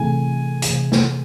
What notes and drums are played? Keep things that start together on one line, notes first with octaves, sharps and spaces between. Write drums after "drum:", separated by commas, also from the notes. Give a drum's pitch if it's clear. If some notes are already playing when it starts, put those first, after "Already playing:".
Already playing: C3 E3 A3 E4 G#4 G#5
C3 E3 A3 E4 G#4, drum: hi-hat
drum: snare